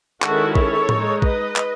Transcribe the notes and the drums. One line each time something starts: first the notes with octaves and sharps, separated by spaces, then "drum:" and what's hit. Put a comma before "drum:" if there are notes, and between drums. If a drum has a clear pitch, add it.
D#3 G#3 C#4 E4 F#4 A4, drum: clap
A4 C#5, drum: kick
G#3 D#4, drum: tom A2
B4 D#5, drum: kick
drum: clap